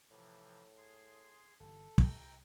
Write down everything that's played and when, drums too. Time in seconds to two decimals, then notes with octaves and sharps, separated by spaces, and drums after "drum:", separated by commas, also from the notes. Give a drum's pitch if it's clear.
0.11 A2 C3 E3 F3
0.77 G#4 C6
1.60 G1 E3 A4
1.98 C2 G5 A#5, drum: kick